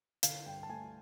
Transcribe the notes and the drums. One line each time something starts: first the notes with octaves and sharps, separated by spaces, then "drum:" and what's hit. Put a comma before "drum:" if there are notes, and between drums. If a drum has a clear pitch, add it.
D3 F5, drum: hi-hat
G2 G5
A5
A3 G#5